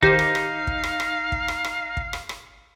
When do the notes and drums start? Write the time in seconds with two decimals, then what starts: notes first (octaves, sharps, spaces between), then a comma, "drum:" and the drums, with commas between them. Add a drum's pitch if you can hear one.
0.03 D#3 D#4 G4 C5 F5, drum: kick
0.19 drum: rim click
0.35 drum: rim click
0.67 drum: kick
0.83 drum: rim click
1.00 drum: rim click
1.32 drum: kick
1.48 drum: rim click
1.64 drum: rim click
1.97 drum: kick
2.13 drum: rim click
2.29 drum: rim click